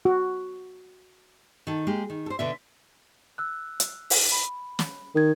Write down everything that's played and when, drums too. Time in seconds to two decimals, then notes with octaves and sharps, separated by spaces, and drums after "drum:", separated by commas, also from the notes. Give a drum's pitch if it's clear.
0.05 F#4
1.67 D#3 A4
1.87 G#3 A#3 G4
2.10 D#3
2.26 A4 C5
2.39 B2 D3 E5
3.38 E6 F#6
3.80 drum: hi-hat
4.10 drum: open hi-hat
4.32 B5
4.79 drum: snare
5.15 D#3 A#4 G#6